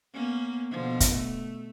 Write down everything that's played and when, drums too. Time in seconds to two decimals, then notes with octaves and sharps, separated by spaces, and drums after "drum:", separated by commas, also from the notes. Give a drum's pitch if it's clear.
0.14 A#3 B3 C#4
0.71 B2 D3 F3
1.00 drum: kick, hi-hat
1.13 A3